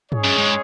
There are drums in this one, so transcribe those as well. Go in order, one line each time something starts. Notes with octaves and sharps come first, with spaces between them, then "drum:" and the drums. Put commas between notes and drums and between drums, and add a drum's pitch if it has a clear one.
G#3 C#4 G#4 C#5, drum: tom
F#2
G#2